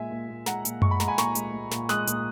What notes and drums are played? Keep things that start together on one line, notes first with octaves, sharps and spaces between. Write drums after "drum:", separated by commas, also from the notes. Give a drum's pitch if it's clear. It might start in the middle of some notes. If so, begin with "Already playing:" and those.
Already playing: A#2 G#3 E5 G#5
A#2
A#2
G#3 F#5 A#5, drum: snare
A#2, drum: hi-hat
G#3 C#6, drum: tom F#2
B5
G#3 A#5, drum: snare
G#5 B5
A#2 A#5 C#6, drum: snare
G#3, drum: hi-hat
G#3
A#2, drum: snare
G#3 D#6 F#6, drum: snare
A#2, drum: hi-hat